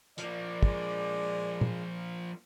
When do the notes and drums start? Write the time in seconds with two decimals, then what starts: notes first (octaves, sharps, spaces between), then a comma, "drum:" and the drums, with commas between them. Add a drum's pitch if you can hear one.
0.18 F3 A#3 D5, drum: hi-hat
0.63 G#3, drum: kick
1.61 drum: tom A#2